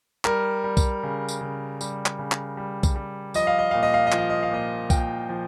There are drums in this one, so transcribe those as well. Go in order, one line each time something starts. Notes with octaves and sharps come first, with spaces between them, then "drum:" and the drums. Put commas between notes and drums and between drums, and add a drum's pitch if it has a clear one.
G3 A#4, drum: clap
G3
drum: kick B1, tambourine
C#3
drum: tambourine
C#3
G3, drum: tambourine
drum: clap
C#3
drum: clap
G3
drum: kick B1, tambourine
G3
F3 D#5, drum: tambourine
F5
D#5
A#2 F5
D#5
F5
D#5
F3, drum: clap
F5
D#5
F5
A#2 D#5
A#2 G5, drum: kick B1, tambourine
F3